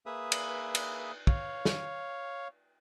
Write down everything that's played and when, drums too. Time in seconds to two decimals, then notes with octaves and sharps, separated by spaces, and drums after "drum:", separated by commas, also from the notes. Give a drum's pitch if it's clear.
0.06 A#3 G#4 B4 E5 D#6
0.32 drum: cymbal
0.75 drum: cymbal
1.27 C#5 F5, drum: kick
1.65 drum: snare